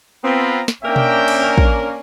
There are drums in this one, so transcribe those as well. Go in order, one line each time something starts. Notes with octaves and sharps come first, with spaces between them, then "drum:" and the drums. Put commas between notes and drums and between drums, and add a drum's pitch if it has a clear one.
B3 C4 F4 A#5 B5
drum: snare
A#3 C#4 D4 A#4 E5 G5
drum: tom B2
drum: cymbal
drum: kick